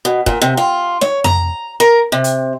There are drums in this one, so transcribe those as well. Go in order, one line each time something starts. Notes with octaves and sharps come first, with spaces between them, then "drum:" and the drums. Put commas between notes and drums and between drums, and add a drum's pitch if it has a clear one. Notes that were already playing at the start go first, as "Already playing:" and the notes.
B2
A#2, drum: kick
C3
F4
C#5, drum: snare
A#5, drum: tom F2
A#4
C3
drum: hi-hat